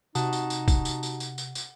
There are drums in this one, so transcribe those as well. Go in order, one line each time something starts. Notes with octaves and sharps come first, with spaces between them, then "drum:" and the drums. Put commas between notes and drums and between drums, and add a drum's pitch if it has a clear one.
C3 D#4 F#4 F#5 A5 D#6, drum: tambourine
drum: tambourine
drum: tambourine
drum: kick, tambourine
drum: tambourine
drum: tambourine
drum: tambourine
drum: tambourine
drum: tambourine